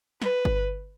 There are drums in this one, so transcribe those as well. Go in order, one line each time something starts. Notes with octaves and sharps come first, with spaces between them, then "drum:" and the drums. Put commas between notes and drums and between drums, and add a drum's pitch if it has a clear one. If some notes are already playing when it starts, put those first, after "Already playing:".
B4, drum: snare
drum: kick G1